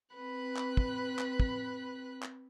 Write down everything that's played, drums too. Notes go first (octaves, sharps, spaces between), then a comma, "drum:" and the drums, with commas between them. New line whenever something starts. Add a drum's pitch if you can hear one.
C4 B4 B5 F#6
drum: clap
drum: kick
drum: clap
drum: kick
drum: clap